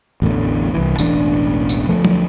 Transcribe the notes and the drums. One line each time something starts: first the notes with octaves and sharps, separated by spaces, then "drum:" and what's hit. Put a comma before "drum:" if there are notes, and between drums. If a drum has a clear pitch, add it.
A1 E2 A2 D3
C2 E3
E1 A1 D4, drum: tambourine
drum: tambourine
D2 F3 A3
drum: tom F#3